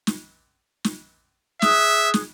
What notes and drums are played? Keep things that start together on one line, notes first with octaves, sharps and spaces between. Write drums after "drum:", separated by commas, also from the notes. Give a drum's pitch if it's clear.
drum: snare
drum: snare
G#4 E5 D#6 F#6, drum: snare
drum: snare